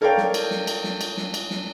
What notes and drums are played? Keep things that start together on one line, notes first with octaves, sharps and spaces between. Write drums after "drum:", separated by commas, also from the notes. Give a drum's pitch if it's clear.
A4 A#4 C#5 D5 F5 G5
drum: snare
drum: cymbal
drum: snare
drum: cymbal
drum: snare
drum: cymbal
drum: snare
drum: cymbal
drum: snare